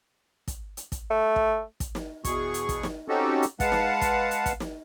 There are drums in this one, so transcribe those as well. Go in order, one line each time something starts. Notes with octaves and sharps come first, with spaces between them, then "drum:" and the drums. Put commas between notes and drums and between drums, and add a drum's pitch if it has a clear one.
drum: kick, hi-hat
drum: hi-hat
drum: kick, hi-hat
A3
drum: kick
drum: kick, hi-hat
drum: snare
E2 B2 G#4 C#6, drum: kick, hi-hat
drum: hi-hat
drum: kick, hi-hat
drum: snare
C4 C#4 D#4 F#4 G4 A4
drum: hi-hat
G#3 B4 F5 F#5 A5, drum: kick, hi-hat
drum: snare
drum: kick, hi-hat
drum: hi-hat
drum: kick, hi-hat
drum: snare